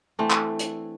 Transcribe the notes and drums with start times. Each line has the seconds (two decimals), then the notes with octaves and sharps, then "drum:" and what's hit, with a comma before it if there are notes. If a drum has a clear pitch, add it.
0.19 E3 A3 C4 D4
0.31 E4, drum: clap
0.59 drum: hi-hat